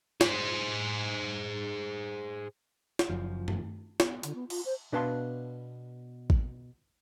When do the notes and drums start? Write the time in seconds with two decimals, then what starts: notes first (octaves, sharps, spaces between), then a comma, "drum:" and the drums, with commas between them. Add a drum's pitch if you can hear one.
0.21 G#4 C5, drum: snare
2.99 drum: snare
3.10 F#1 F#2 F3
3.48 drum: tom G2
4.00 B3, drum: snare
4.23 D3, drum: hi-hat
4.35 B3
4.50 F4, drum: cymbal
4.65 C5
4.92 B2 D4 B4 F5 A5 C6
6.30 drum: kick A1